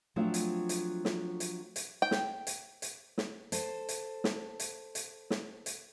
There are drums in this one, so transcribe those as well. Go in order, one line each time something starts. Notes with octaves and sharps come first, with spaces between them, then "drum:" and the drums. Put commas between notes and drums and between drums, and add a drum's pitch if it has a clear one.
F3 F#3 A3 C4 D4 F4
drum: hi-hat
drum: hi-hat
drum: snare
drum: hi-hat
drum: hi-hat
G5
drum: snare
drum: hi-hat
drum: hi-hat
drum: snare
A4 C5, drum: hi-hat
drum: hi-hat
drum: snare
drum: hi-hat
drum: hi-hat
drum: snare
drum: hi-hat